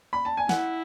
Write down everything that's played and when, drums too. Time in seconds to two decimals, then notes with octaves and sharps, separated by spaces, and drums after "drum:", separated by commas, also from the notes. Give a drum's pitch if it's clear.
0.13 B5
0.25 A5
0.37 G#5
0.49 E4 F#5, drum: snare